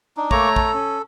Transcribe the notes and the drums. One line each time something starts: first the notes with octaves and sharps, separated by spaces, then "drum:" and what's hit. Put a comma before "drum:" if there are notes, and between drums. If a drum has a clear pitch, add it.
D4 D#4
A3 A#3 C#5 A#5 C#6 D6, drum: kick
A4, drum: kick
C#4